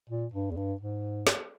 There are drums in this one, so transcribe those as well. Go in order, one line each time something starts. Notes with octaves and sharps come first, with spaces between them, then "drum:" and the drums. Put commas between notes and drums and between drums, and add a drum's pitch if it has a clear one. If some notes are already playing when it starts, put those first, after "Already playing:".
A#2
G2
E2
G2
G#2
drum: snare